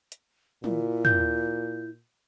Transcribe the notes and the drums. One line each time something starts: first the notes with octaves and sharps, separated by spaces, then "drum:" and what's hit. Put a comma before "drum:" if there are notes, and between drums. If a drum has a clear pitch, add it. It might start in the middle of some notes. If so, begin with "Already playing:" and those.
drum: hi-hat
A#2 E4, drum: tom
G6, drum: tom